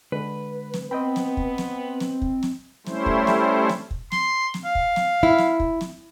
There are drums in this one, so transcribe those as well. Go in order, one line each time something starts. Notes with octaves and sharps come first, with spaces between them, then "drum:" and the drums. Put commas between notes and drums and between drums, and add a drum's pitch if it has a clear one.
D3 G#3 B4
drum: snare
B3 C4 D#5 G5 B5
drum: snare
drum: kick
drum: snare
drum: snare
drum: kick
drum: snare
G3 A3 C#4 E4 C5, drum: snare
drum: kick
drum: snare
drum: snare
drum: kick
C6, drum: snare
drum: snare
F5
drum: kick
drum: snare
E4
drum: snare
drum: kick
drum: snare